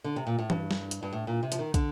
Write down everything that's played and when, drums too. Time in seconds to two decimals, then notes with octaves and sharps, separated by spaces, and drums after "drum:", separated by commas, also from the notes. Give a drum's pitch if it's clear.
0.04 D3
0.16 C3
0.27 A#2
0.39 A2
0.50 G2, drum: tom E3
0.71 drum: snare G3
0.91 drum: hi-hat
1.03 G2
1.13 A2
1.27 A#2
1.43 C3
1.52 F3, drum: hi-hat
1.59 D#3
1.74 D3, drum: kick, hi-hat